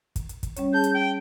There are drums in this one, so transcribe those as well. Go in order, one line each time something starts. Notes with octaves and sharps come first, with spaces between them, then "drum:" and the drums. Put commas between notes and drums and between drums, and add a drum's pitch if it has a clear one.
drum: kick, hi-hat
drum: hi-hat
drum: kick, hi-hat
G3 C#4 C#5, drum: hi-hat
G#4 A5 G6
drum: hi-hat
G5